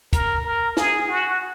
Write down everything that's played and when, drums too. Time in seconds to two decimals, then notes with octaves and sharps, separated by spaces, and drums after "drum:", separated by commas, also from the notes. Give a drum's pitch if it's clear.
0.13 A#4, drum: kick, hi-hat
0.45 A#4
0.77 G#4, drum: snare
1.09 F#4